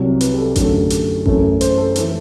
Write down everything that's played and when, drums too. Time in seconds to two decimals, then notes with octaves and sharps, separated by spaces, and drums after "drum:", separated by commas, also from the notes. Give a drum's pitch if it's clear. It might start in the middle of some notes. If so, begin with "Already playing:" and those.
Already playing: C2 C3 F#3
0.21 B4, drum: hi-hat
0.33 G4
0.38 A4
0.56 F#2 D3 F#3 A3, drum: kick A1, hi-hat
0.90 drum: hi-hat
1.26 F#2 E3 A3, drum: kick A1
1.61 C5, drum: hi-hat
1.78 A4
1.96 E3 A3 A4, drum: hi-hat